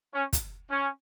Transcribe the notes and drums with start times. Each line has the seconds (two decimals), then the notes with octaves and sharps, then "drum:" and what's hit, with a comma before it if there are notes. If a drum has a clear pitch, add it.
0.14 C#4
0.33 drum: kick, hi-hat
0.70 C#4